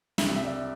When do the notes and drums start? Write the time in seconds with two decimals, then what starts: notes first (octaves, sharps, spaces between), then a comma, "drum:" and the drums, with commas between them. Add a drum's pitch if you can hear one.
0.18 C2 C3 G3 E5, drum: snare
0.36 E5
0.44 D5